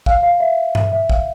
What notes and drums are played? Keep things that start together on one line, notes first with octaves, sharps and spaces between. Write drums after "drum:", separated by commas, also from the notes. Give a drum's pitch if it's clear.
F5, drum: kick
F5
E5
E5, drum: tom G2
E5
F5, drum: kick